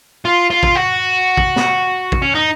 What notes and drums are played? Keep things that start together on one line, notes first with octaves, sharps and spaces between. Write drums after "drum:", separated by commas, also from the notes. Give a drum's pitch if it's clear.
F4
F4
drum: kick
F#4
drum: kick
drum: snare
drum: kick
C#4
D#4